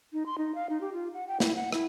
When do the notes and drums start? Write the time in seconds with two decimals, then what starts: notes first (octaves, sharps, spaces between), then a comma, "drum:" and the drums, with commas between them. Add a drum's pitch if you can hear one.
0.13 D#4
0.26 C6
0.38 D#4
0.55 F5
0.69 D#4
0.81 G4
0.93 F4
1.14 F#5
1.28 G5
1.40 E4, drum: snare
1.55 F#5
1.72 E4, drum: rim click